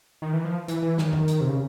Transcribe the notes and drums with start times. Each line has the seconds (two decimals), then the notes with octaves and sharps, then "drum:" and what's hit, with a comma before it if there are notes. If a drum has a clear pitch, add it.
0.22 D#3
0.33 E3
0.45 F3
0.68 E3, drum: hi-hat
0.82 E3
0.98 D#3, drum: snare
1.13 drum: tom E2
1.28 drum: hi-hat
1.41 C3
1.49 C#3